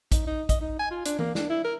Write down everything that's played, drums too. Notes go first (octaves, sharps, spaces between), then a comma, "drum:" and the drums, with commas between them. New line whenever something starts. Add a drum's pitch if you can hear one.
D#4, drum: kick, hi-hat
D#4
D#5, drum: kick, hi-hat
D#4
G#5
F4
D4, drum: hi-hat
A#3, drum: tom E3
D4, drum: snare
E4
A#4